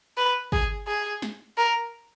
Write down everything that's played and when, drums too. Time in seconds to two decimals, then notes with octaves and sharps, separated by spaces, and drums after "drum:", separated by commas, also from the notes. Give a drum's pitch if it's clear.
0.17 B4
0.52 G#4, drum: kick
0.87 G#4
1.22 drum: snare
1.58 A#4